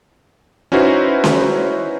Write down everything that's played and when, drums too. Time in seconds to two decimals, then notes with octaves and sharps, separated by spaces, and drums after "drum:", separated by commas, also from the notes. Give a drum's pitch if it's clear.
0.72 C#4 D#4 E4 F#4 B4 C5
1.24 drum: snare C#4